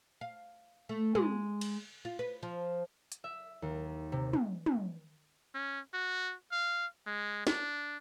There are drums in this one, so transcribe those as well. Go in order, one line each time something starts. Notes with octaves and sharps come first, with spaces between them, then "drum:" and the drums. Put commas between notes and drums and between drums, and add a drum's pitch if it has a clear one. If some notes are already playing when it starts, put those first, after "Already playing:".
F5
A3
G#3, drum: tom
drum: cymbal
F4
B4
F3
drum: hi-hat
E5
D#2
C3
drum: tom
drum: tom
C#4
F#4
F5
G#3
D4, drum: snare